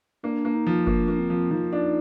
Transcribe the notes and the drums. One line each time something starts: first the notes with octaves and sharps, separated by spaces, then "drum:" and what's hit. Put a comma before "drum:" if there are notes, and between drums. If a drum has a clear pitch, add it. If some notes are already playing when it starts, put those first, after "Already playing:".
A#3 D4
A#3
D#4
F3
A#3 D4, drum: kick F#1
A#3
C4
F3
F3 D#4
D4